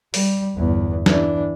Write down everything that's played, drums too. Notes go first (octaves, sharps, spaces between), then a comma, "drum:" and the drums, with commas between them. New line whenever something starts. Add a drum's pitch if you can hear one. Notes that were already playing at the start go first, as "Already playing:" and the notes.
G3, drum: open hi-hat
G1 E2
E3 D4, drum: snare